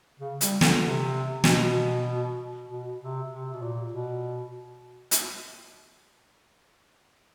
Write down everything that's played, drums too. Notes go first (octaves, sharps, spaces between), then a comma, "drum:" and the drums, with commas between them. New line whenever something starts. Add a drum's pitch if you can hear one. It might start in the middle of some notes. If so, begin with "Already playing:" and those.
C#3
G3, drum: hi-hat
D3, drum: snare
C3
B2, drum: snare
B2
C3
C3
B2
A#2
B2
drum: hi-hat